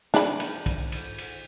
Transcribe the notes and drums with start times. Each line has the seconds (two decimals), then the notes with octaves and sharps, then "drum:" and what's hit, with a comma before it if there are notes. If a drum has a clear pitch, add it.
0.14 D4 B5, drum: snare
0.40 drum: cymbal
0.66 drum: kick, cymbal
0.92 drum: cymbal
1.18 drum: cymbal